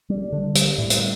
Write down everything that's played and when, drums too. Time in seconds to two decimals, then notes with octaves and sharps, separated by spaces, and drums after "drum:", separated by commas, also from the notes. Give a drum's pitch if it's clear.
0.10 G3
0.32 D3
0.55 G3, drum: hi-hat
0.78 A2
0.90 drum: hi-hat